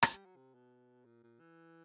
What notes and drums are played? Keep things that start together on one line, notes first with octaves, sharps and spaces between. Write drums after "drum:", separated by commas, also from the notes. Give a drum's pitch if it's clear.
F3, drum: rim click
G3
F#3
C3
B2
A#2
A#2
E3